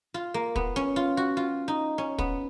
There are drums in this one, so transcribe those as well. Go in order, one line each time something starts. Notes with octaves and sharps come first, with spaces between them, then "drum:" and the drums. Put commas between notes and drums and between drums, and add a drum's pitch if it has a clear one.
F4
A#3
B3, drum: kick
C#4
F4
F#4
F4
D#4
C#4
B3, drum: kick